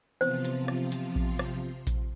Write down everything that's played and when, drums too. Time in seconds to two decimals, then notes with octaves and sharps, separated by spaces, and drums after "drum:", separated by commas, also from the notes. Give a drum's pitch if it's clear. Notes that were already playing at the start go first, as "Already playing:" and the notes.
0.21 C3 E3 F3 B3 C4 F4 C5
0.45 drum: hi-hat
0.68 drum: rim click
0.92 drum: hi-hat
1.16 drum: kick A#1
1.39 drum: rim click
1.87 drum: kick A#1, hi-hat